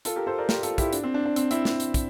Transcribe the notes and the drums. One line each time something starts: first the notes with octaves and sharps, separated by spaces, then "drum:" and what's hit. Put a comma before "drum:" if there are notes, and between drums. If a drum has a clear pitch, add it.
F4 A4, drum: hi-hat
G4 A#4
A4 C5
A#4 D5
G4 A#4, drum: snare
F4 A4, drum: hi-hat
E4 G4, drum: kick, hi-hat
D4, drum: hi-hat
C4
D4
D4
C4, drum: hi-hat
C4 E4, drum: hi-hat
drum: snare
drum: hi-hat
drum: kick, hi-hat